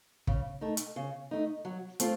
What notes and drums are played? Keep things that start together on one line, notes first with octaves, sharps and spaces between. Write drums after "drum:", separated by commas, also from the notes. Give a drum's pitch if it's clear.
C#3, drum: kick
A3 D#4
drum: hi-hat
C#3
A3 D#4
F#3
A3 C4 F4, drum: hi-hat